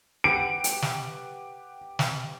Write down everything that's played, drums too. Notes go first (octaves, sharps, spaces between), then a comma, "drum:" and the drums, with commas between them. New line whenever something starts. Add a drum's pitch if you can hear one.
G4 B4 F#5 D7
drum: hi-hat
drum: snare
drum: snare